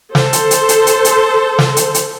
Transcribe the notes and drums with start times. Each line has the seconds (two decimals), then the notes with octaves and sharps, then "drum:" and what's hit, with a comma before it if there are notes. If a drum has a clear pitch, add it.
0.15 A4 C5, drum: snare
0.33 drum: hi-hat
0.51 drum: hi-hat
0.69 drum: hi-hat
0.87 drum: hi-hat
1.05 drum: hi-hat
1.59 drum: snare
1.77 drum: hi-hat
1.94 drum: hi-hat